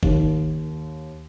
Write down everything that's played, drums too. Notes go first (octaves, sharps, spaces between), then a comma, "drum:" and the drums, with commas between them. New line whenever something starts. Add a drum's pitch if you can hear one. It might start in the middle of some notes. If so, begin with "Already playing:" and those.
D#2, drum: kick